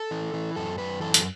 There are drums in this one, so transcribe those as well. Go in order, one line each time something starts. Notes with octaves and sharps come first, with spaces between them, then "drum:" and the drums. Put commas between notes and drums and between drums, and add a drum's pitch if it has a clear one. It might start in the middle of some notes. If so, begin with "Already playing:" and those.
Already playing: A4
E3
E3
F#2 A4
F#2 B4
E3 A4
drum: hi-hat